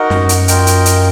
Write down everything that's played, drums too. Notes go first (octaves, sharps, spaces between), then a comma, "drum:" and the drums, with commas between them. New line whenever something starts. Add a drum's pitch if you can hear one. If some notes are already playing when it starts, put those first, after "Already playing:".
Already playing: D#4 F#4 A#4 D#5 F#5
F#2, drum: snare
drum: hi-hat
F4 A#4 D#5 G5, drum: hi-hat
drum: hi-hat
drum: hi-hat